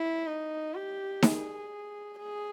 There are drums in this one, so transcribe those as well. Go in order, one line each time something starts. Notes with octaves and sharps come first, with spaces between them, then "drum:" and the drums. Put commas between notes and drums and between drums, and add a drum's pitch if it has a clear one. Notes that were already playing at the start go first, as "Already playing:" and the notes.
Already playing: E4
D#4
G4
G#4, drum: snare D#4
G#4